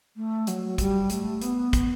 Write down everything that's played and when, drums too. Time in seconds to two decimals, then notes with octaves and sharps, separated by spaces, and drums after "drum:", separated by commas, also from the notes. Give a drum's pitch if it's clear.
0.16 A3
0.47 F#3, drum: hi-hat
0.78 G3, drum: kick, hi-hat
1.10 A3, drum: hi-hat
1.42 B3, drum: hi-hat
1.73 drum: kick, hi-hat